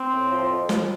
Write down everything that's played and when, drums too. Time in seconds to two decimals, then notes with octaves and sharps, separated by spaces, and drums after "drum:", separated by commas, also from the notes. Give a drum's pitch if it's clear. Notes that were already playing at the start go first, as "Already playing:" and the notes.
Already playing: C4
0.12 A2
0.31 F3
0.50 F2
0.69 F2, drum: snare